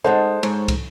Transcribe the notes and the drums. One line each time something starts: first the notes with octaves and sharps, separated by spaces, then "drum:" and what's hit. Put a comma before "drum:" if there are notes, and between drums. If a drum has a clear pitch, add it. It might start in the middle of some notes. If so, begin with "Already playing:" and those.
G#3 D#4 A4 C5 F#5 A5
G#2 C#5, drum: cymbal
drum: kick, cymbal